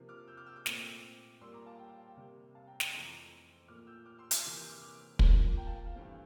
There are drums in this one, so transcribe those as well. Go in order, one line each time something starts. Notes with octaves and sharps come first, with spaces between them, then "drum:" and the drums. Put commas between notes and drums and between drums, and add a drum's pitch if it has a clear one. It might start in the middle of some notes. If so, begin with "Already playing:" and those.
Already playing: C3 F3 A#3
D6 F6
E6 G6
D6 F6
E6 G6
D6 F6
A#2 A3 C4, drum: snare
A#2 G3 A#3 C6 E6
A#5 D6
F5 A5
G5
F5
G5
C3 G3 A#3
F5 A5
G5 A#5
G5 A#5, drum: snare
F2 E3 A3 C4 A5 C6
A#5 D6
A#2 F3 A3 D6 F6
E6 G6
D6 F6
C6 E6
C6 E6, drum: hi-hat
C3 E3 A#3 D6 F6
E6 G6
D6 F6
D6 F6
A#2 F3 A#3, drum: kick
G5 A#5
F5 A5
F5
G2 E3 A3 C4